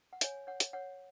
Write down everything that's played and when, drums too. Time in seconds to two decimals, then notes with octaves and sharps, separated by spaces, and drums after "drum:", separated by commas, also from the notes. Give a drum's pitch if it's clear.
0.13 F#5
0.21 C#5 G#5, drum: hi-hat
0.47 C#5 F#5
0.60 drum: hi-hat
0.73 C#5 F#5